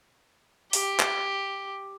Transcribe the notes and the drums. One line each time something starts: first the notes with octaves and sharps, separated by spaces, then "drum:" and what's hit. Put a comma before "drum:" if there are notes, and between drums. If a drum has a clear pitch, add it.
G4, drum: open hi-hat
drum: clap